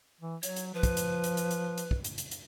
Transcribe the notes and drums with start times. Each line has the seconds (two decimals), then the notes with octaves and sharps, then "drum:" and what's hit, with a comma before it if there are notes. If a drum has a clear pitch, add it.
0.21 E3
0.43 F#3 C#5, drum: hi-hat
0.56 drum: hi-hat
0.74 F3 B4
0.83 drum: kick, hi-hat
0.97 drum: hi-hat
1.24 drum: hi-hat
1.37 drum: hi-hat
1.51 drum: hi-hat
1.78 drum: hi-hat
1.91 drum: kick
2.04 drum: hi-hat
2.18 drum: hi-hat
2.31 drum: hi-hat